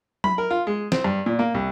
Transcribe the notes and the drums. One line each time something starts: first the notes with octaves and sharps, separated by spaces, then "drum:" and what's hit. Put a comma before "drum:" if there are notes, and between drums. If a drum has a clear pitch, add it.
B5, drum: tom F#3
A#4
F4
G#3
C4, drum: snare
G2
A#2
A#3
C2